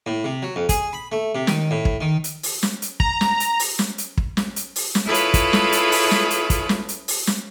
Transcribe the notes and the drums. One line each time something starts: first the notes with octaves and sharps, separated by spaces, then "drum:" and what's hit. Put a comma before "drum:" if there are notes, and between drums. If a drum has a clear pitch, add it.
A2
C3
F#3
F2
G#4, drum: kick, hi-hat
B5
A3
C3
D#3, drum: snare
A2
drum: kick
D#3
drum: hi-hat
drum: open hi-hat
drum: snare
drum: hi-hat
A#5, drum: kick
drum: snare
drum: hi-hat
drum: open hi-hat
drum: snare
drum: hi-hat
drum: kick
drum: snare
drum: hi-hat
drum: open hi-hat
drum: snare
E4 F4 G#4 A4 B4 C#5
drum: hi-hat
drum: kick, hi-hat
drum: snare
drum: hi-hat
drum: open hi-hat
drum: snare
drum: hi-hat
drum: kick, hi-hat
drum: snare
drum: hi-hat
drum: open hi-hat
drum: snare